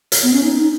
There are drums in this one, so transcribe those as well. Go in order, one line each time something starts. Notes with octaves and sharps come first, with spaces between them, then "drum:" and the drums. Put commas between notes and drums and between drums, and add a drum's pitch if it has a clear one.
drum: hi-hat
B3
C#4
D#4
D#4